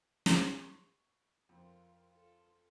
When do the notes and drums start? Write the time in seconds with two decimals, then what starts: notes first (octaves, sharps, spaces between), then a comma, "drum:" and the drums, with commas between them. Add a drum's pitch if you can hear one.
0.26 drum: snare
0.58 C6 C#6
1.49 F2 F4 A#4
2.09 F4 A4